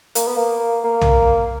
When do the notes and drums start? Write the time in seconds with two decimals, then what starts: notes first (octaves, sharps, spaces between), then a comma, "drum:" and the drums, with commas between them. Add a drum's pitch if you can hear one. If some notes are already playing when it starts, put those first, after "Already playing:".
0.15 A#3, drum: hi-hat
0.27 B3
0.37 A#3
0.84 A#3
1.01 drum: tom